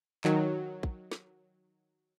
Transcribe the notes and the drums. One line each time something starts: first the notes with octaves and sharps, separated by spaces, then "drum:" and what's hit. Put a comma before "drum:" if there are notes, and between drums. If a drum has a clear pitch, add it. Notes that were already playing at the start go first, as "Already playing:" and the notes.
D#3 F#3, drum: clap
drum: kick
drum: snare